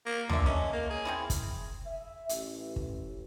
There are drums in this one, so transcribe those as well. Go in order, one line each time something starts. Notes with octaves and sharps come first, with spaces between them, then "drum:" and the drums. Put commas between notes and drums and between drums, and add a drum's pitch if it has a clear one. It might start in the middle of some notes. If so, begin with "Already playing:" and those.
A#3
A#2 D3 E5, drum: tom
G#3 C#4
A#3
G#4
C4 C#4 E4
drum: kick, hi-hat
E5
A1, drum: hi-hat
drum: kick